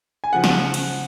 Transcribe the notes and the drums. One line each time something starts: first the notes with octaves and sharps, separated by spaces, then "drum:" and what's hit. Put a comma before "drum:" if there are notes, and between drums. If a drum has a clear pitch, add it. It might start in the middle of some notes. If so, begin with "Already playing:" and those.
G#5
C#3 F3 F#5
drum: snare
drum: cymbal